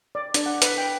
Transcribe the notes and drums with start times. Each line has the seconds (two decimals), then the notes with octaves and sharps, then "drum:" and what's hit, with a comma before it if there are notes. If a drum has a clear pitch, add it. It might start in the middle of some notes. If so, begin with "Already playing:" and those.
0.15 D5
0.34 D4, drum: hi-hat
0.46 F#5
0.62 B4, drum: hi-hat
0.78 G5